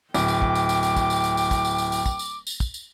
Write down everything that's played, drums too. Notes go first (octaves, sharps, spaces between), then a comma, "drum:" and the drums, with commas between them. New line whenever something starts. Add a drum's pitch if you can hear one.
D1 G5 D6, drum: tambourine
drum: tambourine
drum: kick
drum: tambourine
drum: tambourine
drum: tambourine
drum: kick, tambourine
drum: tambourine
drum: tambourine
drum: tambourine
drum: kick, tambourine
drum: tambourine
drum: tambourine
drum: tambourine
drum: kick, tambourine
drum: tambourine
drum: tambourine
drum: kick, tambourine
drum: tambourine